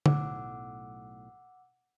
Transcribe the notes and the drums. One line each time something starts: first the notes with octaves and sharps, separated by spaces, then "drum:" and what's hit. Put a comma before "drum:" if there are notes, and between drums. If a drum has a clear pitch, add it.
B1 A2 F#5 D6 E6, drum: tom D3